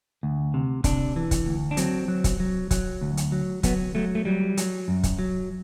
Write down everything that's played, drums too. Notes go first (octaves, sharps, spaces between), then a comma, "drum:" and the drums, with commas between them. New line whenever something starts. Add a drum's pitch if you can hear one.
D2
C3
C3 D4, drum: kick, hi-hat
E3
drum: kick, hi-hat
D2
D4
F#3 C4, drum: hi-hat
F#3
drum: kick, hi-hat
F#3
F#3, drum: kick, hi-hat
D2
drum: hi-hat
F#3
F#3 B3, drum: kick, hi-hat
F#3 A3
A3
F#3 G3
F#3, drum: hi-hat
F#2
drum: kick, hi-hat
F#3